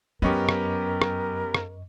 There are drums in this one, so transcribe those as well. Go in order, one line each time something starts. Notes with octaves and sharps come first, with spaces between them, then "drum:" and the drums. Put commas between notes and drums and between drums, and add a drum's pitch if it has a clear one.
F#2 F#3 B3 C#4 G4 A#4 D#5 C#6
drum: rim click
drum: rim click
drum: rim click